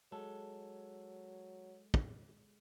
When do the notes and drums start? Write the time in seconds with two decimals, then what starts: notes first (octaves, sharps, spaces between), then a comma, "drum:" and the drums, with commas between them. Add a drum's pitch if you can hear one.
0.12 F#3 G#3 A4
1.94 drum: kick